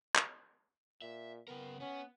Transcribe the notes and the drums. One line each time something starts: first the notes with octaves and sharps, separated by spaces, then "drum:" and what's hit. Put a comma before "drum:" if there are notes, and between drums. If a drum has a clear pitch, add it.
drum: clap
A#2 E5
C#3 B3 A#4
B3 C#4